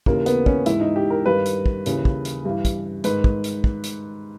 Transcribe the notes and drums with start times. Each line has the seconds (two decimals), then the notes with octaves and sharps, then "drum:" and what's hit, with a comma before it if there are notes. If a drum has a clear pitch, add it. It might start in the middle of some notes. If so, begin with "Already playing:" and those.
0.06 D#2 C#3 E3 A#3, drum: kick
0.26 B3, drum: hi-hat
0.46 C#4, drum: kick
0.66 G#2 E3 E4, drum: hi-hat
0.81 D#4
0.96 G4
1.10 A#4
1.26 G2 D#3 B4
1.46 drum: hi-hat
1.66 drum: kick
1.86 D#2 C#3 E3, drum: hi-hat
2.05 drum: kick
2.25 drum: hi-hat
2.45 G2 E3
2.65 drum: kick, hi-hat
3.04 G#2 D#3 B4, drum: hi-hat
3.24 drum: kick
3.44 drum: hi-hat
3.64 drum: kick
3.84 drum: hi-hat